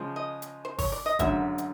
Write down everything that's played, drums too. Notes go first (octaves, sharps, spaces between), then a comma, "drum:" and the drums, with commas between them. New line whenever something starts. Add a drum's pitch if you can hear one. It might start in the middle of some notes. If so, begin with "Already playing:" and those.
Already playing: C#3 F3 G#3
D#5
drum: hi-hat
C5
C#5, drum: kick, open hi-hat
D5
D#5
G#1 F#2 D3 E5, drum: kick, hi-hat
drum: hi-hat